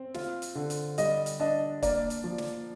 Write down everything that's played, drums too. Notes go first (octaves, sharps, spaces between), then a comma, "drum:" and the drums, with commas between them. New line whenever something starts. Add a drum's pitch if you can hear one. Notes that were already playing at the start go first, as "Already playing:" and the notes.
Already playing: C4
F4, drum: snare
drum: hi-hat
D3
drum: hi-hat
G3 D#5, drum: hi-hat
drum: hi-hat
D4 D#5
A#3 D5, drum: kick, hi-hat
drum: hi-hat
F3
drum: snare